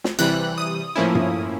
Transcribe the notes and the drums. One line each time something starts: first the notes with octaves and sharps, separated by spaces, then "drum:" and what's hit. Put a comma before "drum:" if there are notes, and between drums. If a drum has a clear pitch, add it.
drum: snare
C3 E3 G3 F#6, drum: cymbal
D#6
A2 F3 A#3 C#4 E4
drum: tom G2